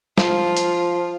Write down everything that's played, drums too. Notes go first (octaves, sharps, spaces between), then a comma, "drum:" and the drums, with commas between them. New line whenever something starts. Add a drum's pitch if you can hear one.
F3 F4, drum: snare
drum: hi-hat